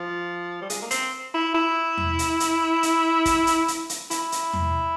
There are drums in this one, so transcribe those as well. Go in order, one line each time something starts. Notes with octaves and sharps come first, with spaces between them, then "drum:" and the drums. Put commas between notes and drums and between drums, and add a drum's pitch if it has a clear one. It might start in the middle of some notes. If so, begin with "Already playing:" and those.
Already playing: F3
G3
G#3, drum: hi-hat
A#3
C4, drum: hi-hat
E4
E4
drum: tom E2
drum: hi-hat
drum: hi-hat
drum: hi-hat
drum: kick, hi-hat
drum: hi-hat
drum: hi-hat
drum: hi-hat
E4, drum: hi-hat
drum: hi-hat
drum: tom E2